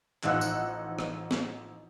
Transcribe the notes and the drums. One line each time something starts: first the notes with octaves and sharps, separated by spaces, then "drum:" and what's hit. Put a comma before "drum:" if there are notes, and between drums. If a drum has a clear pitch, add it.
A1 F3 D#4 F#5 E6 F#6, drum: clap
drum: tambourine
drum: rim click
drum: snare